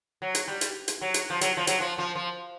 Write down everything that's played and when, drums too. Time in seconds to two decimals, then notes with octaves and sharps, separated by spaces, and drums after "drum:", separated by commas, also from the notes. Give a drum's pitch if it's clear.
0.22 F#3
0.35 drum: hi-hat
0.48 G3
0.61 drum: hi-hat
0.88 drum: hi-hat
1.01 F#3
1.14 drum: hi-hat
1.30 F3
1.41 F#3, drum: hi-hat
1.57 F3
1.67 F#3, drum: hi-hat
1.80 F3
1.98 F3
2.15 F3